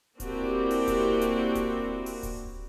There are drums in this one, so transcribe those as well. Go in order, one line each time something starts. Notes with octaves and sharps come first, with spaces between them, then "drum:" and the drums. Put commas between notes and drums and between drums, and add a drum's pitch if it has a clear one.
A#3 C4 D4 E4 F#4 G4, drum: kick D1, hi-hat
drum: open hi-hat
drum: kick D1, hi-hat
drum: hi-hat
drum: kick D1, hi-hat
drum: open hi-hat
drum: kick D1, hi-hat